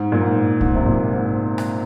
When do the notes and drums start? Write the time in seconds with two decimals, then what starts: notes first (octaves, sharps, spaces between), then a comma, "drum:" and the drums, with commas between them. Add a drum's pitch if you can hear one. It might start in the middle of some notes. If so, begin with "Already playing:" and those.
Already playing: G#2
0.12 A#2
0.21 G#2
0.61 G#2, drum: kick
0.75 C3
0.86 A#2
1.13 G#2
1.58 drum: rim click